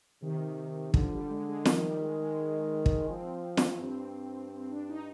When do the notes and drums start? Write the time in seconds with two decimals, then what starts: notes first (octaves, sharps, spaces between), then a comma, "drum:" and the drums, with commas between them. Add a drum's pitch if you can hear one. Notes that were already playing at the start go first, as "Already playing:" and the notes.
0.22 C3 D#3
0.94 D3 F3, drum: kick
1.13 G3
1.30 G#3
1.49 G#3
1.65 D#3 F3, drum: snare
1.83 G3
2.01 G#3
2.20 G#3
2.86 drum: kick
3.09 F3 C4
3.57 drum: snare
3.81 G2 C4
4.52 C4
4.71 D4
4.89 D#4